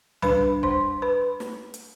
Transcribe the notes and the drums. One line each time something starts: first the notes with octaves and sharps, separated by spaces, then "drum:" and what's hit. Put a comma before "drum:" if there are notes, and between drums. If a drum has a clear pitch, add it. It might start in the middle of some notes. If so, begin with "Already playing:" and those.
G3 D4 B4 B5, drum: tom
C5 C6, drum: kick
B4 B5
drum: snare
drum: hi-hat